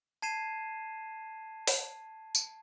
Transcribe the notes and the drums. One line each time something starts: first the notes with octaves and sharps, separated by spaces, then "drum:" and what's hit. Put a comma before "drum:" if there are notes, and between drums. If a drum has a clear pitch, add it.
A5 G#6 C7 D#7 E7
drum: open hi-hat
drum: tambourine